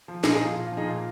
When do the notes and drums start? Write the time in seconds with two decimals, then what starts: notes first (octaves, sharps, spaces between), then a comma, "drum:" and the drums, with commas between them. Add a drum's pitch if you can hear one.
0.08 F3
0.24 A#2 D#4 G#4, drum: snare
0.34 D#4 G#4
0.39 F3
0.45 F4
0.56 A#2
0.67 F4
0.72 F3 D#4 G#4
0.88 A#2 F4